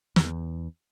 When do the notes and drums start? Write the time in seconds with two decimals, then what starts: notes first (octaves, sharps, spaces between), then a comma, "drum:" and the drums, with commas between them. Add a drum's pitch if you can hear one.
0.16 E2, drum: snare